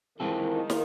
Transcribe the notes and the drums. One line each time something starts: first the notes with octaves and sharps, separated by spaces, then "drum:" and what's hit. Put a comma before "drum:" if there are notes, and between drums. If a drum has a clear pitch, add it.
D#3 E3 G#3 C4 F4 A4
F4, drum: snare